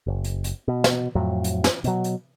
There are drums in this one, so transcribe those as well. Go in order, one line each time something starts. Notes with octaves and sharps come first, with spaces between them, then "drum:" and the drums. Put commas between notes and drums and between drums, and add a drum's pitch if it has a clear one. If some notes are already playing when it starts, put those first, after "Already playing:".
F#1
drum: hi-hat
drum: hi-hat
B2
drum: snare
F2 A2 F#3
drum: hi-hat
drum: snare
B2 F#3, drum: hi-hat
drum: hi-hat